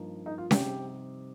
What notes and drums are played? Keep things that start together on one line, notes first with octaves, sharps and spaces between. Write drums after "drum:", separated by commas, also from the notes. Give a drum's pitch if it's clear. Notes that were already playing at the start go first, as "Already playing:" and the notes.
Already playing: G2 F3 A#3 D#4
D#4
F4
C3 G3 C4 D#4 G4, drum: snare C#4